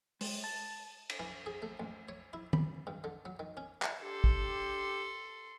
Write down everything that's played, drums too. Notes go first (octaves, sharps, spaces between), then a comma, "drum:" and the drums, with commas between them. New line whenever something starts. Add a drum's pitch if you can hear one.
G#3, drum: open hi-hat
A5
drum: cymbal
E3
G#4
A3
A1
C#5
E4
B5, drum: tom D#3
G2
D3
F#3
D#3
C#4
drum: clap
D4 G4 A4 C6
drum: kick